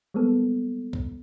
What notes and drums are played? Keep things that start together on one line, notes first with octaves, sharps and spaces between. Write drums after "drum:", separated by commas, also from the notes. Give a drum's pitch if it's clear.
G3 G#3 A#3 B3 A4
drum: kick